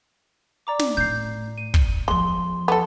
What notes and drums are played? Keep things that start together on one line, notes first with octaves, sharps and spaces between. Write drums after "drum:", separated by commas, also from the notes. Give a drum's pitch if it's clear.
D5 A#5 D6
drum: snare
A2 G6 C7
D#7
drum: kick
E2 F3 G#3 C6 G7
B3 A4